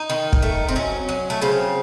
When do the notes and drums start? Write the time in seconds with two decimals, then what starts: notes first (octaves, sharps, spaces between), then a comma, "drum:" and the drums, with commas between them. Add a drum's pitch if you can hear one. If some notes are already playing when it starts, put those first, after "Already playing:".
Already playing: D#4
0.10 D#3
0.33 drum: kick
0.42 A3
0.68 C4
0.76 F#3 C#4
1.09 F#3
1.30 A3
1.41 C#3 C4